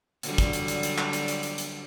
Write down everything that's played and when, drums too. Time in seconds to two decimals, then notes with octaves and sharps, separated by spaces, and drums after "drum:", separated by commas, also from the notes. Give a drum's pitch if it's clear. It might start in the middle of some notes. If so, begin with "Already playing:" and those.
0.23 D3 F#3 G3, drum: hi-hat
0.38 drum: kick, hi-hat
0.53 drum: hi-hat
0.68 drum: hi-hat
0.83 drum: hi-hat
0.98 drum: clap
1.13 drum: hi-hat
1.28 drum: hi-hat
1.43 drum: hi-hat
1.58 drum: hi-hat